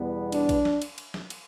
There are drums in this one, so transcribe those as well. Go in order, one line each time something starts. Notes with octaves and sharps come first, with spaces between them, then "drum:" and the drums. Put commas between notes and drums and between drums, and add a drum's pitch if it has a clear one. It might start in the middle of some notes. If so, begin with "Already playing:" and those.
Already playing: E2 B2 G3 B3
D4, drum: cymbal
drum: kick, cymbal
drum: snare
drum: cymbal
drum: cymbal
drum: snare
drum: cymbal